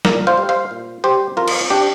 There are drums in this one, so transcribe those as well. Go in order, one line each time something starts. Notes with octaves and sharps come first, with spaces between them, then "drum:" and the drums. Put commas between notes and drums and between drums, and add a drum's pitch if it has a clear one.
A#2 A#4 D5, drum: snare
C5 F5
G3
C5 F5
A#2
G3 G4 C5
F2 F4 A#4
drum: cymbal
C3 G3 D4 G4